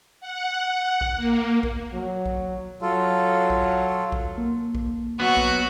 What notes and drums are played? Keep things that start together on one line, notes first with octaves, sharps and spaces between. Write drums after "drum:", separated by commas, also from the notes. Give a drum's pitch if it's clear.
F#5
drum: kick A#1
A#3
drum: kick A#1
F#3
drum: kick A#1
F#3 F4 A4
drum: kick A#1
drum: kick A#1
A#3
drum: kick A#1
F#3 B3 F#4
drum: kick A#1